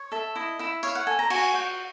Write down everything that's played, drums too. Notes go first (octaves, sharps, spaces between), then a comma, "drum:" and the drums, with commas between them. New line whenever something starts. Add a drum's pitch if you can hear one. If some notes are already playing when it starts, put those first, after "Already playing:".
Already playing: C#5
A4 E5
E4 D#5
E4 E5
C#5 F5, drum: tambourine
F#5
A4 G#5
A#5
F#4 G#5, drum: cymbal
F#4 G5